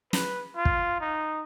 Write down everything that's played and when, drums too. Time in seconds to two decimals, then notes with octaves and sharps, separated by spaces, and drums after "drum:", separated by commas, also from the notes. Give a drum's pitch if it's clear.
0.13 B4, drum: snare
0.56 F4
0.65 drum: kick
1.00 D#4